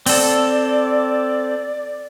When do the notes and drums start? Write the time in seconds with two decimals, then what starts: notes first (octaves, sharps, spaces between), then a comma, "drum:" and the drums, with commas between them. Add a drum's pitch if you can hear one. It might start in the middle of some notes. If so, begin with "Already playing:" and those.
0.06 C4 A4 D5, drum: open hi-hat